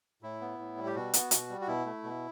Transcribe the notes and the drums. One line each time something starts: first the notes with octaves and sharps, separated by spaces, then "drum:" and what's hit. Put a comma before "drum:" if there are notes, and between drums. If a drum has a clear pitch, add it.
A2 E4
B3
A2
G3
G4
B2 F#4
B3, drum: hi-hat
B2, drum: hi-hat
G3
F#4
B2 E4
A3
B2